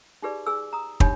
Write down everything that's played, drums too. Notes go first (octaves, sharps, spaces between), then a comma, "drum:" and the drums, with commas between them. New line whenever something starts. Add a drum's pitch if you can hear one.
D#4 F4 G4 G#4 B4 D5
G#4 G#5 E6
A#5 D#6
D4 D#4 G4 C#5 B5, drum: kick